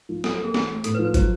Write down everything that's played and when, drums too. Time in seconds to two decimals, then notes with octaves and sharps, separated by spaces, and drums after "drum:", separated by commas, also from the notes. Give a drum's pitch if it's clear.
0.09 F3
0.24 F#3 A4, drum: snare
0.34 A4
0.39 A#3 G#4
0.54 E3 G#4, drum: snare
0.70 A3
0.84 A2 A4, drum: hi-hat
0.94 B4
0.99 F3
1.05 B4
1.14 F#3 C5, drum: kick, hi-hat